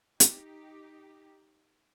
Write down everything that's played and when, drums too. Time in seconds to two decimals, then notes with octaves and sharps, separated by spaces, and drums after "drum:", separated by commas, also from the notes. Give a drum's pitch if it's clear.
0.20 D#4 G4, drum: hi-hat